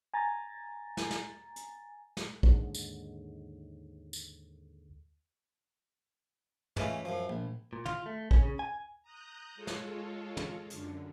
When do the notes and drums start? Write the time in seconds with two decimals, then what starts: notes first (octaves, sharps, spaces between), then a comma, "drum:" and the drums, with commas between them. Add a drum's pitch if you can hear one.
0.14 G#5 A#5 A6
0.97 drum: snare
1.11 drum: snare
1.56 drum: hi-hat
2.17 drum: snare
2.43 D#2 G#2 D3 G#3, drum: kick
2.74 drum: tambourine
4.13 drum: tambourine
6.76 E3 G#3 A3 C#4 F4, drum: tom
7.05 F#2 F3
7.29 A#1
7.73 A#2
7.86 F4, drum: tom
8.06 A3
8.31 C#4, drum: kick
8.43 C#3
8.59 G#5
9.03 A#5 D#6 F#6 G6
9.55 G#3 F4 A4 C#5
9.67 drum: snare
10.37 drum: tom
10.70 F#2 D3, drum: hi-hat